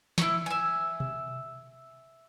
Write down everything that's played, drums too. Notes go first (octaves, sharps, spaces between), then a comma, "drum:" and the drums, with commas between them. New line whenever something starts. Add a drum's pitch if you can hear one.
E4 C#6, drum: snare
E5 G#5
drum: tom B2